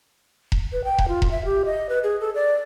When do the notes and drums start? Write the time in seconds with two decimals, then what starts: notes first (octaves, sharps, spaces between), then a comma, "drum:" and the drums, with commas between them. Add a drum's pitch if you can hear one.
0.52 drum: kick E1
0.73 B4
0.84 G5
0.98 drum: kick E1
1.08 F4
1.22 drum: kick E1
1.31 E5
1.45 G4
1.66 D#5
1.89 B4
2.04 G#4
2.21 A4
2.35 D5